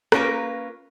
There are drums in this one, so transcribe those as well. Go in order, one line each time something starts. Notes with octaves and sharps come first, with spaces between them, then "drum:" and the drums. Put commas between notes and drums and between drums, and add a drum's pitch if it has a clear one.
A#3 C#4 F4 A#4 B4, drum: rim click